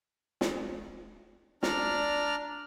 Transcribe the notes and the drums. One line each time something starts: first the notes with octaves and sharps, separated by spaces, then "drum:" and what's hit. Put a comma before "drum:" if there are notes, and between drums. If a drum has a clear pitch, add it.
drum: snare
D4 D5 A#5 F6, drum: snare